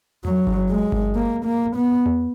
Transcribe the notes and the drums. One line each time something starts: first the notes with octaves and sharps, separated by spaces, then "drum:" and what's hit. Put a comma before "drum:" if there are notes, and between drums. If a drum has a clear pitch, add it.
F#3, drum: tom E2
drum: kick G1
G#3
drum: kick G1
A#3
A#3
B3
drum: tom E2